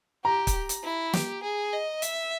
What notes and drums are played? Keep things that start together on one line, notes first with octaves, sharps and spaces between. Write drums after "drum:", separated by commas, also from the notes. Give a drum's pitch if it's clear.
G4 A#5
drum: kick, hi-hat
drum: hi-hat
E4
G4, drum: snare
G#4
D#5
E5, drum: hi-hat